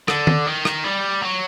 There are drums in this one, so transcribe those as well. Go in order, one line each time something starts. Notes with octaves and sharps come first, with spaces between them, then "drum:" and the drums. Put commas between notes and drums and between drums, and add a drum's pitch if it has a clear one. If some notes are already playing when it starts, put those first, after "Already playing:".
D3, drum: rim click
drum: tom D#3
D#3
drum: rim click
G3
F#3